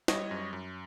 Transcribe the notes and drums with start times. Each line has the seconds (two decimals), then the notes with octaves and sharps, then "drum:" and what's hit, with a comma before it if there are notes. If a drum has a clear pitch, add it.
0.08 G3 C#5 D#5, drum: snare
0.31 F#2
0.53 F#2